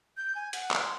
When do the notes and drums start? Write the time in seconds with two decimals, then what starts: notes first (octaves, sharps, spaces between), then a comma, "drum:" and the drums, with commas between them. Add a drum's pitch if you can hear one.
0.17 G6
0.35 G#5
0.53 F#5, drum: hi-hat
0.71 drum: clap
0.82 C6